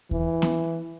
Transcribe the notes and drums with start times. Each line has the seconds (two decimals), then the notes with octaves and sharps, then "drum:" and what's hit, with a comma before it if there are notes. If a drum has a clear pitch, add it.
0.11 E3, drum: kick D#2
0.42 drum: snare B3